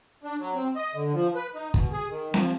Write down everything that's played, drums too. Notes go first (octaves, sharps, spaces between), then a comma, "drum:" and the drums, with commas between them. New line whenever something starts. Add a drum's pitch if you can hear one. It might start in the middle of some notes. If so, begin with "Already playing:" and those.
D4
F#3
C4
D#5
D3
F3
B4
D#4
B2, drum: kick
G#4
D#3
F3, drum: snare C4